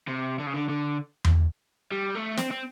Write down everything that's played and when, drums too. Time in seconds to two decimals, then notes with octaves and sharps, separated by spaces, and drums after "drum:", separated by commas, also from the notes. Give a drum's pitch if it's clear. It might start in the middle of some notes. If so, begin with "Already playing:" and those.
0.07 C3
0.39 D3
0.46 C#3
0.54 D3
0.69 D3
1.24 drum: tom E2
1.92 G3
2.15 A3
2.37 C4, drum: snare
2.51 C4